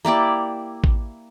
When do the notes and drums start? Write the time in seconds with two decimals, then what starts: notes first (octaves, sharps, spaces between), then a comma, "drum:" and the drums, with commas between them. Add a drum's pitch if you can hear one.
0.05 A#3 E4 G4 D5
0.84 drum: kick A1